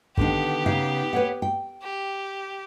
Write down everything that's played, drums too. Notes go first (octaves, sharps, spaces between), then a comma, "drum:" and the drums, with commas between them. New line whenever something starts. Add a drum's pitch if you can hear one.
D3 D#3 B3 D4 G4, drum: kick A1
C#3 D#4 F5
B4 C#5 F#5
G5
G4